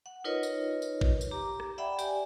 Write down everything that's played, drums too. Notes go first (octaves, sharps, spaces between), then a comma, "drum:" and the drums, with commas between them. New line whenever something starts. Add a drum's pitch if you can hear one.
F#5
D#4 F4 A#4 B4 C#5 D#5
drum: tambourine
drum: tambourine
drum: kick A1
drum: tambourine
G4 A#5 D6
drum: rim click
D5 E5 F#5 G5 B5
G4 D5 G#5, drum: tambourine